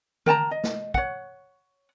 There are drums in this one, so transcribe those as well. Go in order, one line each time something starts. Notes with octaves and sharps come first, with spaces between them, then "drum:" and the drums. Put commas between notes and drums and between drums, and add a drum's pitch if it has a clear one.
A#4 G5 A5 A#5, drum: tom D3
D#5
drum: snare
C#5 F#5, drum: kick